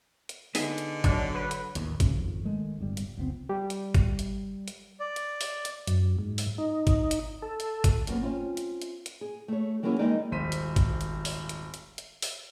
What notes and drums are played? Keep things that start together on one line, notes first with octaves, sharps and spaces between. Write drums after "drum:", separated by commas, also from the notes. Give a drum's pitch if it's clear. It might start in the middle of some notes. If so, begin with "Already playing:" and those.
drum: hi-hat
D3 B3 D#4 G#4, drum: open hi-hat
drum: hi-hat
F#3 D4, drum: kick, hi-hat
B4
drum: hi-hat
A1 D#2, drum: hi-hat
C#2 C#3, drum: kick, hi-hat
G#1 F2
D#3 G#3 A3
D1 G1 G3
drum: hi-hat
F1 C#2 B3 C4
G3
drum: hi-hat
drum: kick, hi-hat
drum: hi-hat
drum: hi-hat
D5
drum: hi-hat
drum: open hi-hat
drum: hi-hat
F#2, drum: hi-hat
G#2
drum: open hi-hat
D#4
drum: kick, hi-hat
drum: hi-hat
A4
drum: hi-hat
drum: kick, hi-hat
F#2 A#3 B3, drum: hi-hat
C4 C#4 F4
drum: hi-hat
drum: hi-hat
drum: hi-hat
G#4
A3 C#5
E3 F#3 A#3 C#4 E4 G#4
E3 G3 G#3 A#3 D#4 D5
D#1 G#1 C5 B6 D#7
drum: hi-hat
drum: kick, hi-hat
drum: hi-hat
drum: open hi-hat
drum: hi-hat
drum: hi-hat
drum: hi-hat
drum: open hi-hat